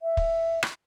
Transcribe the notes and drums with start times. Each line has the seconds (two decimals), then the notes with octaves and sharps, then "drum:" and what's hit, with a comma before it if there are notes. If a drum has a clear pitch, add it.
0.02 E5
0.17 drum: kick
0.63 drum: rim click